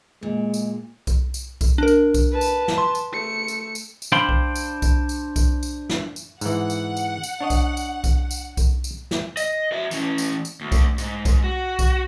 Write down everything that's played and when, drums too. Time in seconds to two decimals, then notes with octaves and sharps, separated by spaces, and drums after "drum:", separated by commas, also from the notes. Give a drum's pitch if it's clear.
0.23 A#2 G#3
0.54 drum: tambourine
1.07 drum: kick B1, tambourine
1.34 drum: tambourine
1.61 drum: kick B1, tambourine
1.78 D4 A#4
1.88 drum: tambourine
2.14 drum: kick B1, tambourine
2.32 B4 A5
2.41 drum: tambourine
2.68 drum: snare
2.78 C6
2.95 drum: tambourine
3.13 A3 C#7
3.48 drum: tambourine
3.75 drum: tambourine
4.02 drum: tambourine
4.12 D4 C5 F5 G5 B5 C6
4.29 drum: kick B1
4.56 drum: tambourine
4.82 drum: kick B1, tambourine
5.09 drum: tambourine
5.36 drum: kick B1, tambourine
5.63 drum: tambourine
5.89 drum: snare
6.16 drum: tambourine
6.41 G#2 E3 F#5, drum: tambourine
6.70 drum: tambourine
6.97 drum: tambourine
7.23 drum: tambourine
7.41 D4 C#5 D#5
7.50 drum: kick B1, tambourine
7.77 drum: tambourine
8.04 drum: kick B1, tambourine
8.31 drum: tambourine
8.57 drum: kick B1, tambourine
8.84 drum: tambourine
9.11 drum: snare
9.37 D#5, drum: tambourine
9.72 F#4 E5
9.91 E3 C#4, drum: tambourine
10.18 drum: tambourine
10.45 drum: tambourine
10.61 D2
10.72 drum: kick B1, tambourine
10.98 G#2, drum: tambourine
11.25 drum: kick B1, tambourine
11.44 F#4
11.79 drum: kick B1, tambourine